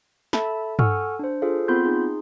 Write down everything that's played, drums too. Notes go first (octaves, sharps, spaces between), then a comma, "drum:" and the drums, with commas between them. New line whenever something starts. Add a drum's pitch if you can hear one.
A4 E5 A5 B5, drum: snare
A4 F#5 G#5 C#6 E6 F6, drum: tom
D4 C5
F4 G#4 A4 C5 F5
B3 C4 F4 B5 C6 G6
D#4 G#4 C6